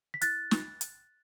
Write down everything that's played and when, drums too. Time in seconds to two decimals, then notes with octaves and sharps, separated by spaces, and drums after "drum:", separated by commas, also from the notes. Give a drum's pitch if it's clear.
0.14 B6
0.21 E4 F#6 A6, drum: hi-hat
0.51 drum: snare
0.81 drum: hi-hat